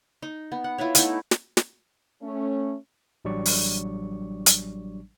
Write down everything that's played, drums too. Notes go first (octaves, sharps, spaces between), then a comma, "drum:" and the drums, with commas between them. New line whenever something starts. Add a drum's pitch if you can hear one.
D#4
B3
F#5
E4 F4 B4 C#5
A3 B3 D#4 E4, drum: hi-hat
drum: snare
drum: snare
A3 C#4
A1 F#3 G3 D4 D5 C#6
drum: open hi-hat
drum: hi-hat